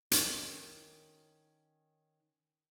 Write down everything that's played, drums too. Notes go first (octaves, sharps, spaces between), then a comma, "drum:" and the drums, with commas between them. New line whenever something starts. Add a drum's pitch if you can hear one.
D#3 C#4 A#4, drum: hi-hat